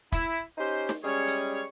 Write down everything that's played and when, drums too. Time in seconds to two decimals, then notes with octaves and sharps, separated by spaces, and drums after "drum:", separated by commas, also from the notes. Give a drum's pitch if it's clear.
0.12 E4, drum: kick, hi-hat
0.58 C#4 D#4 G4 C5
0.89 drum: snare
1.04 G3 G#3 C#4 G#4 C#5
1.27 drum: hi-hat